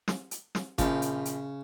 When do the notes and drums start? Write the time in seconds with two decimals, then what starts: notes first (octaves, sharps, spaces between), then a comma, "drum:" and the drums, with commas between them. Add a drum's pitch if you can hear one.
0.08 drum: snare
0.31 drum: hi-hat
0.55 drum: snare
0.78 A#1 C#3 F3, drum: kick G1, hi-hat
1.02 drum: hi-hat
1.25 drum: hi-hat